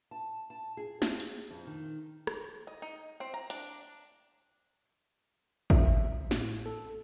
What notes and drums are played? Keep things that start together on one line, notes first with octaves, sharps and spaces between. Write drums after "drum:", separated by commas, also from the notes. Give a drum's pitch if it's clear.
A5
A5
G#4
G#4, drum: snare
drum: hi-hat
F2
D#3
drum: rim click
D#5
D#4
C4
A#5
D4, drum: hi-hat
E5, drum: kick
A2, drum: snare
A4